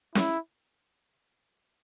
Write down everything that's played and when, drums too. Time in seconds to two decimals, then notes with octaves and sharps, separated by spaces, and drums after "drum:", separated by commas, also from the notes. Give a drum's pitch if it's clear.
0.15 E4, drum: snare C#4